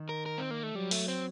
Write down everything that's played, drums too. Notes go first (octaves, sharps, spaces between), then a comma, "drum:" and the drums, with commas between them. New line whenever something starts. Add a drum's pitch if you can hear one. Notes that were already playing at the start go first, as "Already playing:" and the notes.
Already playing: D#3
A#4
A#4
C4
A#3
A3
F#3 G3
A3, drum: open hi-hat
C4